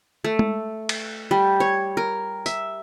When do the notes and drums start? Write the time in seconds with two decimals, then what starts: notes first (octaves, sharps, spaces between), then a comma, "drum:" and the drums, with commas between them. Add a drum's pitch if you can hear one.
0.24 A3
0.39 drum: tom
0.89 drum: cymbal
1.31 G3
1.60 C#5
1.97 A#4
2.46 E5, drum: tambourine